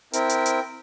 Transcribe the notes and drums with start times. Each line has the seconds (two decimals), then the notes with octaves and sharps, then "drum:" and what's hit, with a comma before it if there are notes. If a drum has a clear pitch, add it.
0.13 C4 E4 A#4 G5, drum: hi-hat
0.29 drum: hi-hat
0.46 drum: hi-hat